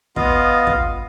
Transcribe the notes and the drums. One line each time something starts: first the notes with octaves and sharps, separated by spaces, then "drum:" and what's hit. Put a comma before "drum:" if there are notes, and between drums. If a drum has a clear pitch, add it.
B3 F4 D#5 F5, drum: kick
drum: kick